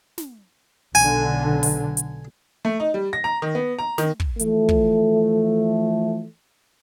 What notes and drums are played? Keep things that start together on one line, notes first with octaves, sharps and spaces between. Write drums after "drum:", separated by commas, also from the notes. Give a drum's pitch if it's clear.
drum: snare
B1 D3 G#5, drum: open hi-hat
drum: open hi-hat
drum: hi-hat
A3
D#4
G3
A#6
A#5
D#3
B3
A#5
D#3, drum: snare
drum: kick
E3 F3 A3, drum: hi-hat
drum: kick